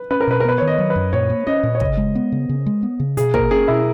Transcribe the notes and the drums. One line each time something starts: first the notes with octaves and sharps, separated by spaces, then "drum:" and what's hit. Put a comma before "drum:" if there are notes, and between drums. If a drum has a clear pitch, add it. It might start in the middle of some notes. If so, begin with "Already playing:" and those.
Already playing: B4
C#4 B4
A#4
B2 B4
A#4
B3 B4
D#3 C#5
D#5
F#3
B4
F#2
A#2 C#5
A#3
C#4 D#5
A#2
C#5
C#3 D#5, drum: kick
G#3
B3
C#3
C#3
G#3
B3
C#3
B2 G#4, drum: hi-hat
A#3 A#4, drum: kick
C#4 G#4
B2 E4